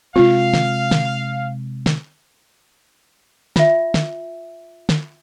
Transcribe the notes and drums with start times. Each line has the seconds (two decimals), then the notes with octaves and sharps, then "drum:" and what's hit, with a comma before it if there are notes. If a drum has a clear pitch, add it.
0.16 C3 G#3 C4 F4 F5
0.54 drum: snare
0.91 drum: snare
1.86 drum: snare
3.56 F4 E5, drum: snare
3.94 drum: snare
4.89 drum: snare